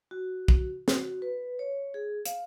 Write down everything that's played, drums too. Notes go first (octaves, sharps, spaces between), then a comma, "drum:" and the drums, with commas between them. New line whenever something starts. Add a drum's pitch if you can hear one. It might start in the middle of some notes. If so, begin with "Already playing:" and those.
F#4
drum: kick
F#4, drum: snare
B4
C#5
G#4
F5, drum: hi-hat